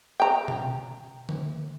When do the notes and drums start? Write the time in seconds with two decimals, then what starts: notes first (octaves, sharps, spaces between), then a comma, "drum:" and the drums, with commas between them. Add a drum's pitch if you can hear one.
0.20 G5 A#5
0.48 drum: tom B2
1.29 drum: tom D3